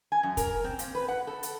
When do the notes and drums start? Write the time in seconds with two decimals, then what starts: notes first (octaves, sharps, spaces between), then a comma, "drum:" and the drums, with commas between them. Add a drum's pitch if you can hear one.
0.12 G#5
0.23 F#2
0.37 A#4, drum: kick, hi-hat
0.64 C4
0.79 A#2, drum: hi-hat
0.95 B4
1.08 F#5
1.27 A4
1.43 drum: hi-hat